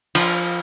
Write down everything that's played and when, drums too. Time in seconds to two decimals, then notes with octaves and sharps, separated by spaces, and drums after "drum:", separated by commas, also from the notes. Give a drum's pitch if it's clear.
0.15 F3, drum: cymbal